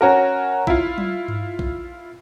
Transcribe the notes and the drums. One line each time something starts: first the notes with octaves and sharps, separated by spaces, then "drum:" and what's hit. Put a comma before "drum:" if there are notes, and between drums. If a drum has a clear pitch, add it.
C#4 F#4 A#4
E4 F4, drum: kick A#1
drum: tom F#3
drum: tom G2
drum: kick A#1